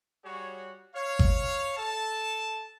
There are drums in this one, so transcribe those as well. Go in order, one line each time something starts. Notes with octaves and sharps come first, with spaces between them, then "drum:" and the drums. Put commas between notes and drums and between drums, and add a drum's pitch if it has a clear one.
G3 F#4 G#4 C#5
C#5 F5
drum: kick G#1
A4 A5